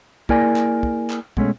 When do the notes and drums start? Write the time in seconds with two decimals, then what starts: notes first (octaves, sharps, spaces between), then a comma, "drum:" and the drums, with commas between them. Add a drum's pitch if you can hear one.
0.29 A#3 E4 G#4 A#4 D5 G#5, drum: kick
0.56 drum: clap
0.83 drum: kick
1.10 drum: clap
1.37 B2 G#3 A3 C#4, drum: kick